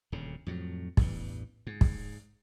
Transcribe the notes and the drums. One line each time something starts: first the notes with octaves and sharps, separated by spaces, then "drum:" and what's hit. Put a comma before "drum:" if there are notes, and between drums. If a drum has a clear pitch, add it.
D#1 D2 C#3
F2 A2 F#3
A1 E2 G2, drum: kick
G#2
drum: kick